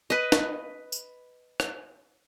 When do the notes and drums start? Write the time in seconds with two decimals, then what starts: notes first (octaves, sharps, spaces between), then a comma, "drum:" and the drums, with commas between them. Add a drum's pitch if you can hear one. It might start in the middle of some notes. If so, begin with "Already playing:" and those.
0.10 B4 D#5
0.32 drum: snare
0.92 drum: tambourine
1.60 drum: rim click